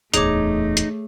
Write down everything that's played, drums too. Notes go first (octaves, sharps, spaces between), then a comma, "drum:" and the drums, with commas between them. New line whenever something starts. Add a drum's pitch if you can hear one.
D1 E2 A3 D#4 G#4 C#5 D6, drum: hi-hat
drum: hi-hat